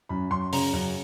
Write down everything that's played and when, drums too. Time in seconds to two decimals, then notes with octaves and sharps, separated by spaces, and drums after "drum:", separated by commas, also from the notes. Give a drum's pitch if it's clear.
0.09 F#2 B5
0.30 F#2 C6
0.53 C#3 A#5, drum: open hi-hat
0.73 F#2